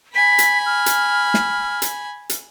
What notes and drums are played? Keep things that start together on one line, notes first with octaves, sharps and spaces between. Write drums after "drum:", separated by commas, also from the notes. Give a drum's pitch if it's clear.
G#5 B5 B6
drum: hi-hat
F6
drum: hi-hat
drum: snare
drum: hi-hat
drum: hi-hat